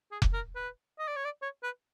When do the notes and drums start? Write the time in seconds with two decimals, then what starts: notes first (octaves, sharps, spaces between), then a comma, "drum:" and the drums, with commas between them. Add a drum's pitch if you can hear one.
0.11 G#4
0.22 drum: kick F1
0.33 A#4
0.55 B4
0.99 D#5
1.08 D5
1.16 C#5
1.25 D5
1.42 C#5
1.63 B4